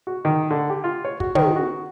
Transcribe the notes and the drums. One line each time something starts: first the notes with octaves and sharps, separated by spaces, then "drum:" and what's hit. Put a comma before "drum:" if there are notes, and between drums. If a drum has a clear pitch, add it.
F#4
D#3
D3
G4
F4
C#5
F#4, drum: kick
D#3, drum: tom
F#4